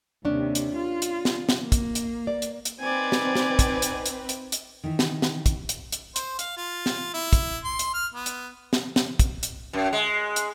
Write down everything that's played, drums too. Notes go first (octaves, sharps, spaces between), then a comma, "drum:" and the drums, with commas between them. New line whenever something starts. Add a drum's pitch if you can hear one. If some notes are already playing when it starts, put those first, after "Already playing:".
D#2 C3 C#4 D4
drum: hi-hat
F4
drum: hi-hat
drum: snare
drum: snare
A#3
drum: kick, hi-hat
drum: hi-hat
D5
drum: hi-hat
drum: hi-hat
C4 D#4 B4 D5 G#5
drum: snare
drum: snare
drum: kick, hi-hat
drum: hi-hat
drum: hi-hat
drum: hi-hat
drum: hi-hat
D#3 E3
drum: snare
drum: snare
drum: kick, hi-hat
drum: hi-hat
drum: hi-hat
C5, drum: hi-hat
F5, drum: hi-hat
F4
drum: snare
E4
drum: kick, hi-hat
C6
drum: hi-hat
F6
B3
drum: hi-hat
drum: snare
drum: snare
drum: kick, hi-hat
drum: hi-hat
F#2
G#3
drum: hi-hat